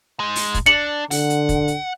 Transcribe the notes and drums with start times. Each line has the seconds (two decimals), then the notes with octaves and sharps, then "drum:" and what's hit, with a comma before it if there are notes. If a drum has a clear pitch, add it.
0.20 G#3 D#4
0.36 drum: open hi-hat
0.54 drum: kick, hi-hat
0.66 D4 C#7 F#7
1.11 D3 F#5, drum: open hi-hat
1.30 drum: hi-hat
1.49 drum: kick, hi-hat
1.68 drum: hi-hat